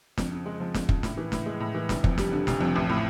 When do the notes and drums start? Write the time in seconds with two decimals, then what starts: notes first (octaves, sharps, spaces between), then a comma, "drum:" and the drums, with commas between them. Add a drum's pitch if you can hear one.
0.18 F2, drum: snare
0.31 C#3
0.46 G#3
0.60 F3
0.74 F2, drum: snare
0.89 C#3, drum: kick
1.03 A2, drum: snare
1.17 E3
1.32 A2, drum: snare
1.46 G#3
1.60 A2
1.75 E3
1.89 F1, drum: snare
2.04 F2, drum: kick
2.18 G3, drum: snare
2.32 D3
2.47 F1, drum: snare
2.61 F2
2.76 A1
2.89 A2